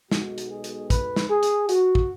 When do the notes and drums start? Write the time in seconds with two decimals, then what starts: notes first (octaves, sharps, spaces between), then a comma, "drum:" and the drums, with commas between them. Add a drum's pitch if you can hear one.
0.12 B1 B2 G#3 F#4, drum: snare
0.38 drum: hi-hat
0.51 G#4
0.64 drum: hi-hat
0.90 B4, drum: kick, hi-hat
1.16 drum: snare
1.30 G#4
1.43 drum: hi-hat
1.69 F#4, drum: hi-hat
1.95 drum: kick